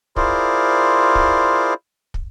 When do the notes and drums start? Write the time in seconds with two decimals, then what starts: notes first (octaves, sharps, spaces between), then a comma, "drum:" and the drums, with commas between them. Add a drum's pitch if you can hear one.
0.16 E4 F4 G#4 A#4 C5 D5, drum: kick
1.15 drum: kick
2.14 drum: kick